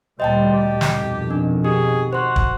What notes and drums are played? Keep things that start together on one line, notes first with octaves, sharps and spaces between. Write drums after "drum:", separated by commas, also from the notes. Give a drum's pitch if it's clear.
D2 A#2 G3 C5 D#5 G5 A5
G4
drum: snare
F2 B2 D#3
D4
G4 G#4
F#4 C5 C6
drum: kick